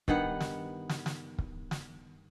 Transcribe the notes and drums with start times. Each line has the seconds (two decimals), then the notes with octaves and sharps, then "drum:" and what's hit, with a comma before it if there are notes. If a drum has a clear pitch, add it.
0.08 G2 D#3 B3 F#5, drum: kick
0.40 drum: snare
0.89 drum: snare
1.06 drum: snare
1.38 drum: kick
1.71 drum: snare